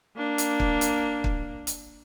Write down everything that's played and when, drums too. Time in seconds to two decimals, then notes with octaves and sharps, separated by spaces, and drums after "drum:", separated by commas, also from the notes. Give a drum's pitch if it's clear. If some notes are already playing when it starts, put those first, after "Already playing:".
0.17 A#3 D4
0.38 drum: hi-hat
0.60 drum: kick
0.81 drum: hi-hat
1.24 drum: kick
1.67 drum: hi-hat